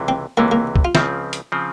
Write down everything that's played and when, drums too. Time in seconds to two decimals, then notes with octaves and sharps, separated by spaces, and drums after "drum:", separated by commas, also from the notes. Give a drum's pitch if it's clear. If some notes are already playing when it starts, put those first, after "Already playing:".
Already playing: C#2 C3 E3
0.08 C4
0.37 C#2 C3 E3 A#3
0.51 A#3
0.76 drum: kick C2
0.85 F4
0.95 C#2 C#3 F3 C4 E4, drum: snare
1.33 drum: hi-hat
1.52 C#3 F3 C4